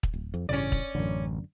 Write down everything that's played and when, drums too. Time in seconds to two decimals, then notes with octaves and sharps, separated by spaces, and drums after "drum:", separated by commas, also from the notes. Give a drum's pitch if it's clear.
0.03 drum: kick
0.13 D1
0.34 F2
0.49 A1 G2 C#3 C#4 D5
0.72 drum: kick
0.95 A1 F#2 D3